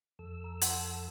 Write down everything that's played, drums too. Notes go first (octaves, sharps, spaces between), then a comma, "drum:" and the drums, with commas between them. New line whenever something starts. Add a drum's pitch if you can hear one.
F2 A4 E6
A#5
F4 F#5 C6, drum: hi-hat